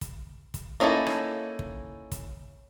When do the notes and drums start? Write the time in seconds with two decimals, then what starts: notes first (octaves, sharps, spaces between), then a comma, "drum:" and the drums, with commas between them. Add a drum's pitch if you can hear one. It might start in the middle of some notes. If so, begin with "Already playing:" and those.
0.01 drum: kick, hi-hat
0.54 drum: kick, hi-hat
0.80 A#3 C#4 D#4 E4 A4
1.06 drum: rim click
1.59 drum: kick
2.12 drum: kick, hi-hat